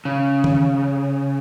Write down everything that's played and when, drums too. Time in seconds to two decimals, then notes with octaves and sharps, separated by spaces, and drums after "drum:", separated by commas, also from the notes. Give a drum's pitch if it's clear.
0.05 C#3
0.44 drum: tom D#3